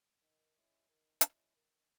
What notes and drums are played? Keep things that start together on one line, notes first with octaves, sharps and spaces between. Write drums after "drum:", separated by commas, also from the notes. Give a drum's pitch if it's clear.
D#3
G#3 C#4 E4
D#3
G#3 C#4 E4, drum: hi-hat
D#3